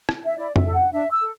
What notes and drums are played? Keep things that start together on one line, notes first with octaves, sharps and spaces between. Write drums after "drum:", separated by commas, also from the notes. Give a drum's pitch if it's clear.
drum: rim click
E5
E4 D5
E5, drum: tom F2
A4
F#5
D4 E5
E6
A4